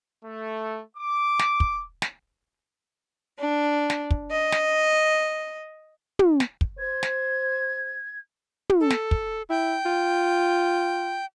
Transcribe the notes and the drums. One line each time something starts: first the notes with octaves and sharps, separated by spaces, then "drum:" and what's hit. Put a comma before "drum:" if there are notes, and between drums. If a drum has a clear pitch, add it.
A3
D6
drum: snare
drum: kick
drum: snare
D4
drum: snare
drum: kick
D#5
drum: snare
drum: tom
drum: snare
drum: kick
C5 G#6
drum: snare
drum: tom
A4
drum: snare
drum: kick
E4 G5
F4